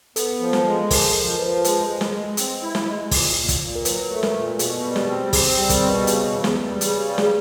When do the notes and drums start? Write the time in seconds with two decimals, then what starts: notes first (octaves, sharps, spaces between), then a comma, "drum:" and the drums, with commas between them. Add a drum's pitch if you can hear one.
0.16 B3 A4, drum: hi-hat
0.40 F3
0.53 drum: snare
0.65 G#3
0.91 F3 A#4, drum: kick, open hi-hat
1.14 F3 A#4
1.32 A#4
1.39 F3 B4
1.64 G#3, drum: hi-hat
1.88 G#3
2.01 drum: snare
2.12 G#3
2.37 C4, drum: hi-hat
2.62 E4
2.75 drum: snare
2.86 G#3
3.11 A#2, drum: kick, open hi-hat
3.36 A#2
3.48 drum: kick, hi-hat
3.60 A#2
3.76 A#4
3.85 F#3 B4, drum: hi-hat
4.10 A3
4.16 A4
4.23 A#4, drum: snare
4.34 A#2
4.59 B2 G#4, drum: hi-hat
4.84 G3
4.96 G4, drum: snare
5.08 C4
5.33 C4 G#4, drum: kick, open hi-hat
5.57 G3
5.70 A#4, drum: kick, hi-hat
5.82 B2
6.07 C#3 B4, drum: hi-hat
6.31 E2
6.44 drum: snare
6.57 G3
6.81 C#3, drum: hi-hat
7.05 G3
7.18 drum: snare